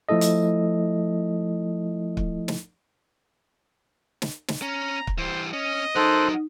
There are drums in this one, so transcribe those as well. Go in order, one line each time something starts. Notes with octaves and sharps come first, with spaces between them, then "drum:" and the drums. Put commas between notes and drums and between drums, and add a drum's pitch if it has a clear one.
F3 A3 E4 A4 D#5
drum: hi-hat
drum: kick
drum: snare
drum: snare
drum: snare
C#4 A#5
drum: kick
E3 G3 C5
C#4 D#5
F#3 D#4 A4 A#4 C5 F#6